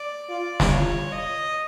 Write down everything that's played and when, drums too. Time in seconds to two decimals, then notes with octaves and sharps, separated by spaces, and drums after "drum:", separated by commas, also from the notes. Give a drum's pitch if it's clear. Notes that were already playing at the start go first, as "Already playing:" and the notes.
Already playing: D5
0.29 F4 D5
0.60 drum: snare
0.70 F4 C#5
1.12 D#5